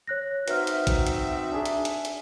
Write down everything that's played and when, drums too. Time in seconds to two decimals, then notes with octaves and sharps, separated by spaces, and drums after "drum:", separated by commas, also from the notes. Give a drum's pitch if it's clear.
0.07 C#5 F#6 A#6
0.48 C4 D#4 F#4 B4 E5 F6, drum: hi-hat
0.67 drum: hi-hat
0.87 drum: kick A1, hi-hat
1.07 drum: hi-hat
1.52 D4 G#4
1.66 drum: hi-hat
1.85 drum: hi-hat
2.05 drum: hi-hat